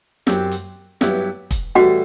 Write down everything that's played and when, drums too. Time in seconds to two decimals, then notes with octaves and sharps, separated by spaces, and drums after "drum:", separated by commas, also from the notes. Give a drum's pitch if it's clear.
0.27 F#2 F#3 C4 G4 C5, drum: snare
0.51 drum: hi-hat
1.01 G2 F#3 B3 E4 G4, drum: snare
1.51 drum: kick, hi-hat
1.75 A2 E3 G3 F#4 F#5